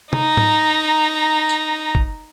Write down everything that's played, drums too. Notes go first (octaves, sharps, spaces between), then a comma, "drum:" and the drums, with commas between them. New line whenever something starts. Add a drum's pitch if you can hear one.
D#4 A#5, drum: tom
drum: tom G#2
drum: tambourine
drum: kick